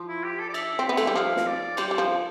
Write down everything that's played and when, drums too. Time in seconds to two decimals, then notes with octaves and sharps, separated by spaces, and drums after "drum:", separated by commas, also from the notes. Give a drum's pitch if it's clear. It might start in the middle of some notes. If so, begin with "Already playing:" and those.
Already playing: F3
0.08 E4
0.24 G4
0.39 A4
0.50 D5
0.54 E5, drum: cymbal
0.79 C4
0.85 B3 E5
0.97 A3, drum: cymbal
1.07 G3
1.16 F3 F5
1.37 drum: snare
1.47 D5
1.77 G3 C5, drum: cymbal
1.91 G3
1.98 F3